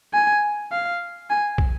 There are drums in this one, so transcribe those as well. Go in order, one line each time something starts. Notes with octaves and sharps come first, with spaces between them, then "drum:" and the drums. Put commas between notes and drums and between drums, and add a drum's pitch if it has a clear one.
G#5
F5
G#5
drum: kick